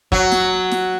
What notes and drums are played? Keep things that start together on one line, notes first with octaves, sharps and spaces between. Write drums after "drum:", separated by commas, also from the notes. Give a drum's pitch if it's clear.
F#3, drum: kick
drum: snare
drum: snare